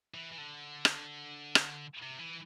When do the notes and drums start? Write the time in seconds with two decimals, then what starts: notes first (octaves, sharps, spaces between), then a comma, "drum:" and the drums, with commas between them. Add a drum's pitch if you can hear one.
0.14 E3
0.32 E3
0.38 D3
0.85 drum: rim click
1.55 drum: rim click
2.03 C3
2.19 E3